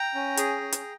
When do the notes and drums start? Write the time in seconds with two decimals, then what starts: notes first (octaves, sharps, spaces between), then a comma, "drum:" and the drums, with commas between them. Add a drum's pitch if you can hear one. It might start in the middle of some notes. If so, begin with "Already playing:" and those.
Already playing: G5 A#5
0.15 C#4
0.37 G#4, drum: hi-hat
0.61 C#4
0.72 drum: hi-hat